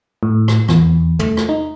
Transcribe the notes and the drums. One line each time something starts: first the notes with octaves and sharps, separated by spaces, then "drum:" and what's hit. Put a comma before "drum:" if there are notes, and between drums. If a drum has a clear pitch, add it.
A2
drum: rim click
E2, drum: rim click
A3, drum: tom
drum: rim click
D#4